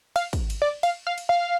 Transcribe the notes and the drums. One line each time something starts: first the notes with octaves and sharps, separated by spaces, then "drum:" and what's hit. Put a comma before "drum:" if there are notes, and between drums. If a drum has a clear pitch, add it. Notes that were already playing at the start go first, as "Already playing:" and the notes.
F5, drum: cymbal
drum: kick, cymbal
drum: cymbal
D5
F5, drum: cymbal
F5
drum: cymbal
F5